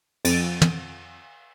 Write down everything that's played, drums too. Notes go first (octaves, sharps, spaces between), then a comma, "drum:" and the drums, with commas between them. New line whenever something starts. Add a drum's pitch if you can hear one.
F2 A6 D7 D#7, drum: cymbal
drum: tom